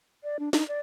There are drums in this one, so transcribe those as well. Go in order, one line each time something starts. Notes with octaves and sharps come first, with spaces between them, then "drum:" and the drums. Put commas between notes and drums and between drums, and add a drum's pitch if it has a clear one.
D5
D4
D#4, drum: snare
D5